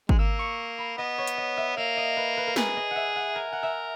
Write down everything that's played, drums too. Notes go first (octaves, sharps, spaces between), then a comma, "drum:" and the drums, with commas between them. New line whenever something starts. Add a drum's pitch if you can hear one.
G#3, drum: kick G#1
A#3 E6
C#6
B5
B3 D#5
C#5
drum: hi-hat
D#5
E5
A#3 E5
D#5
B4
B4
A#4
G#4 B4, drum: snare
D#5
F#5
E5
F#5
A#4 G#5
F#5
E5